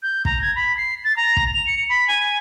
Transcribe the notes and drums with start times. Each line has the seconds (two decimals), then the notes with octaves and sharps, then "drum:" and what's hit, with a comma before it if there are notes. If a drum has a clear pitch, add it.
0.02 G6
0.25 A#5, drum: kick
0.41 G#6
0.55 B5
0.77 C7
1.04 A6
1.16 A#5
1.37 drum: kick
1.54 F7
1.67 C#7
1.89 B5
2.08 G#5